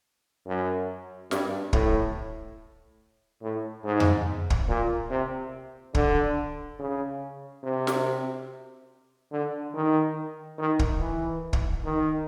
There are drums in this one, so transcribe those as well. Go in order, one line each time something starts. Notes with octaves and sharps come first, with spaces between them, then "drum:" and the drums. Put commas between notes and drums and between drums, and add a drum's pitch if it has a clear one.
F#2
G2, drum: snare
A2, drum: kick
A2
G#2
drum: tom F2
drum: kick
A#2
C3
D3, drum: kick
C#3
C3
drum: snare
D3
D#3
D#3
drum: kick
E3
drum: kick
D#3